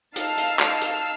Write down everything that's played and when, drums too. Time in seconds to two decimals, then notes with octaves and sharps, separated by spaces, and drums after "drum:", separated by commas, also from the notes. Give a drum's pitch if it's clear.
0.16 D#4 F5 A5 E6 F6 C7, drum: hi-hat
0.38 drum: hi-hat
0.59 drum: clap
0.81 drum: hi-hat